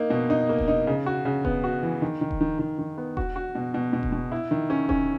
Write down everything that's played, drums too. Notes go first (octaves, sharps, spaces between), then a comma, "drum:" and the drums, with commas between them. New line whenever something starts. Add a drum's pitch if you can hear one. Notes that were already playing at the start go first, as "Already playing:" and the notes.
Already playing: A#3 D#4
B2
D#4
A#3
drum: kick E1
D#4
C#3
F#4
C#3
B3, drum: kick E1
F#4
E3
D#3
D#3
drum: kick E1
D#3
D#3
D#3
B3
F#4, drum: kick E1
F#4
B2
B2
B2
drum: kick E1
B2
E4
D#3
C#4
C#4, drum: kick E1